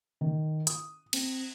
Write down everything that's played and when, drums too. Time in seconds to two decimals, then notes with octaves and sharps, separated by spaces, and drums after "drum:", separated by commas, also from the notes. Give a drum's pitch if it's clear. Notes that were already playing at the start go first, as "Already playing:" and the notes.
0.21 D#3
0.67 D#6, drum: hi-hat
1.13 C4, drum: cymbal